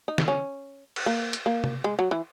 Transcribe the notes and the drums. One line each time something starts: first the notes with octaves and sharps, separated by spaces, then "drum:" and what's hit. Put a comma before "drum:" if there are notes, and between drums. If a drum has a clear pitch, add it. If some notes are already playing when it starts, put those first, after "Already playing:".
D#4
drum: snare
C#4
drum: cymbal
A#3
drum: hi-hat
A#3
drum: tom C3
G#3
F#3
E3